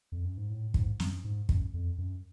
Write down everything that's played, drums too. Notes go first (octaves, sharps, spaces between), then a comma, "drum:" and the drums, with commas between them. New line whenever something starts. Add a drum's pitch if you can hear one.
F2
F#2
G#2
A2
G#2, drum: kick
F#2, drum: snare
G#2
F#2, drum: kick
F2
F#2